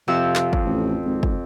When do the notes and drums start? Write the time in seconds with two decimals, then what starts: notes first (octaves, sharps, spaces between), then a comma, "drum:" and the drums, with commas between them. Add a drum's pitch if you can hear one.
0.08 F2 C3 F3 E6
0.35 drum: clap
0.53 drum: kick
0.65 A1
1.05 G#1
1.23 drum: kick